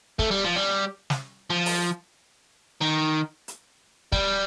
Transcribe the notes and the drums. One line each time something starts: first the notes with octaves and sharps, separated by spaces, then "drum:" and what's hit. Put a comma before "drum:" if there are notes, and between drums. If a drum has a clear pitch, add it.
A3, drum: kick
G3
F3
G3
drum: snare
F3
drum: open hi-hat
D#3
drum: hi-hat
G3, drum: kick